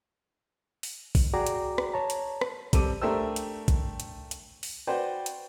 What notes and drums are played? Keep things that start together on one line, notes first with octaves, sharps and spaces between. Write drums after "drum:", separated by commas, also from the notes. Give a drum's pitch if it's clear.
drum: open hi-hat
drum: kick, open hi-hat
F#4 G#4 D5 G5 A#5 D6
drum: hi-hat
drum: rim click
C#5 A5 A#5
drum: hi-hat
drum: rim click
G3 C4 A4 D6 D#7, drum: kick, hi-hat
A3 D4 G4 A#4 C5 E6
drum: hi-hat
drum: kick, hi-hat
drum: hi-hat
drum: hi-hat
drum: open hi-hat
F#4 B4 C5 D5 G5
drum: hi-hat